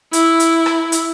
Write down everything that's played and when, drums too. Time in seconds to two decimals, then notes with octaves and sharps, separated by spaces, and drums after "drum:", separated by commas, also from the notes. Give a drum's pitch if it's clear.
0.13 E4, drum: hi-hat
0.40 drum: hi-hat
0.66 drum: rim click
0.92 drum: hi-hat